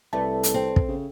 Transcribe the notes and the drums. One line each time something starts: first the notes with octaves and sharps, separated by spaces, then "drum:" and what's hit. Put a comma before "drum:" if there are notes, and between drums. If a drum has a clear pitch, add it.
C2 A3 B4 D5 A5
drum: hi-hat
C4
drum: kick
C#3